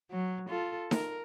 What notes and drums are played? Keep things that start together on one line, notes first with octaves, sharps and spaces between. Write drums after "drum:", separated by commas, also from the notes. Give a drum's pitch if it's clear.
F#3
F4 A4
A#4, drum: snare D#4